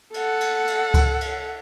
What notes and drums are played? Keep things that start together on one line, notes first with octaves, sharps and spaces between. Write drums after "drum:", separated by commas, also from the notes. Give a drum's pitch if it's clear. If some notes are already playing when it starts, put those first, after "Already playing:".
A4 F#5, drum: cymbal
drum: cymbal
drum: cymbal
drum: kick C#2, cymbal
drum: cymbal